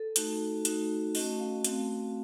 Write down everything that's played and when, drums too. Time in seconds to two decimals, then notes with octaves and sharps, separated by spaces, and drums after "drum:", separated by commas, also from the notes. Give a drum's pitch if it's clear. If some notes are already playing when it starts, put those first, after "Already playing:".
Already playing: A4
0.16 A3 D#4 F#4, drum: hi-hat
0.65 A3 D#4 F#4, drum: hi-hat
1.15 A3 C#4 F#4 D#5, drum: open hi-hat
1.40 F5
1.64 A3 C4 F#4 F5, drum: hi-hat